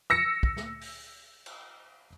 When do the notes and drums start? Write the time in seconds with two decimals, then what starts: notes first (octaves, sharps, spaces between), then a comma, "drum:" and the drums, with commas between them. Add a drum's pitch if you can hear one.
0.10 E6 A#6 C#7
0.43 drum: kick
0.56 drum: snare
0.81 drum: open hi-hat
1.46 drum: cymbal